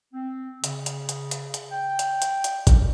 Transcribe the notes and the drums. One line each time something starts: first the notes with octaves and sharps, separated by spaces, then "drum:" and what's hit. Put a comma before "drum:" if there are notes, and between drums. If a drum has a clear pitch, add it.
C4
C#3, drum: hi-hat
drum: hi-hat
drum: hi-hat
drum: hi-hat
drum: hi-hat
G5
drum: hi-hat
drum: hi-hat
drum: hi-hat
drum: kick, hi-hat